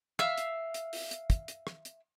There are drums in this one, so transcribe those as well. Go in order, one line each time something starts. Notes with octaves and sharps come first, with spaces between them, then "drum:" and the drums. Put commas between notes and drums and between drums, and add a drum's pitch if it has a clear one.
E5 F5 E6, drum: rim click
drum: hi-hat
drum: hi-hat
drum: open hi-hat
drum: hi-hat
drum: kick, hi-hat
drum: hi-hat
drum: rim click
drum: hi-hat